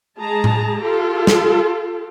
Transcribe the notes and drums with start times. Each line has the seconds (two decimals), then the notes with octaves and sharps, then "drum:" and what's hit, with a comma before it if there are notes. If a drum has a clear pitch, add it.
0.19 G#3 G#4 A5 A#5
0.44 drum: tom A2
0.84 F4 G4 A4
1.27 drum: snare